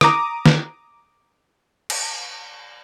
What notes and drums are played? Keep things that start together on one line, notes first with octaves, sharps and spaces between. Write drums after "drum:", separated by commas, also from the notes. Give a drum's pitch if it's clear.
A#5 D6 D#6, drum: rim click
drum: snare
drum: cymbal